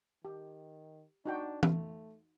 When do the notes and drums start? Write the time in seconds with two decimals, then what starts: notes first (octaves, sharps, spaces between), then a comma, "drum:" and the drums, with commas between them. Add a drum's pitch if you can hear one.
0.25 D#3 G4
1.26 D4 D#4 F#4 G5
1.63 A3, drum: tom E3